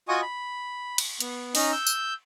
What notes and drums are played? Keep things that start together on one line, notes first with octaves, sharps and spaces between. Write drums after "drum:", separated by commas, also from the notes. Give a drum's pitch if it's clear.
F4 F#4 D#5 G#5 C#6 D#6
B5
drum: cymbal
B3, drum: hi-hat
C#4 D#4 D#5 A#5, drum: open hi-hat
E6 G6
drum: tambourine